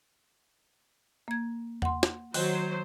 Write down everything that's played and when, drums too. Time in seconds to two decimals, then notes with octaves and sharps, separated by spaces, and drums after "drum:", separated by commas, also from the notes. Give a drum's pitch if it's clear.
1.28 A#3 G#6
1.82 F#5 C6, drum: tom E2
2.03 drum: snare
2.34 D#3 F#3 C5, drum: open hi-hat